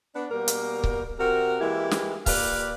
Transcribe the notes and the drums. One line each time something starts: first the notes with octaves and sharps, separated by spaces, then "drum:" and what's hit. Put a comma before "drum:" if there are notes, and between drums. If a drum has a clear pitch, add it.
B3 D4
B2 G3 A#3 A#4
drum: hi-hat
drum: kick C#1
C3 F#4 A#4
E3 G#3 A#3 E4 G4
drum: snare
A#2 G4 B4 D5 F5, drum: kick C#1, open hi-hat